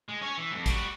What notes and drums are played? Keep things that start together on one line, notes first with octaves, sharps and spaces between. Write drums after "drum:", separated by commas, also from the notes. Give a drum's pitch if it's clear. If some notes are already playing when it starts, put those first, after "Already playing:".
G#3
C#4 C#5
E3
F2 G#2
G3 F#4, drum: kick, hi-hat